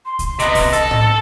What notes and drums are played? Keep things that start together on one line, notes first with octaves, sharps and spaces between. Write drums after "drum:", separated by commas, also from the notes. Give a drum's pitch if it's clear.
C6
drum: kick C2, hi-hat
C3 B3 D#5, drum: hi-hat
drum: kick C2, open hi-hat
A4, drum: hi-hat
drum: tom A2